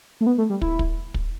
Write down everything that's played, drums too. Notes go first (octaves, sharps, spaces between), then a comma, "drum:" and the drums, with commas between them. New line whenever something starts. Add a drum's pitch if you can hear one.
A3
B3
A3
G3
E4, drum: kick
drum: kick
drum: kick